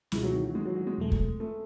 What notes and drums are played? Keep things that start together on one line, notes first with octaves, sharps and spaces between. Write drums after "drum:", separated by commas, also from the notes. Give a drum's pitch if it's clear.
C#2 B2 E3 G#3 D#4, drum: snare
F#3
D#3
F#3
G#3
F#3
F#3
G#3
E2 B2 F#3 A3
drum: kick
A3